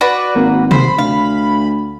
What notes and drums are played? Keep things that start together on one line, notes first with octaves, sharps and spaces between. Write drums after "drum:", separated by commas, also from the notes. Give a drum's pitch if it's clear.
F#4 B4 D5
G#1 A#3
C5 B5, drum: tom
D2 F5